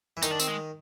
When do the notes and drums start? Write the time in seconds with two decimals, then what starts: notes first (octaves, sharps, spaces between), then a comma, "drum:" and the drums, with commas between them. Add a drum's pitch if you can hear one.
0.17 E3
0.23 D#3 D#4, drum: tambourine
0.31 D4
0.40 C4, drum: tambourine
0.48 G#3